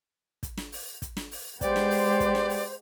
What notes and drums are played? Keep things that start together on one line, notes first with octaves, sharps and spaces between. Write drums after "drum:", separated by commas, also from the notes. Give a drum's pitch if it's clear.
drum: kick, hi-hat
drum: snare
drum: open hi-hat
drum: kick, hi-hat
drum: snare
drum: open hi-hat
G#3 B3 G4 C5 D5, drum: kick, hi-hat
drum: snare
drum: open hi-hat
drum: kick, hi-hat
drum: snare
drum: open hi-hat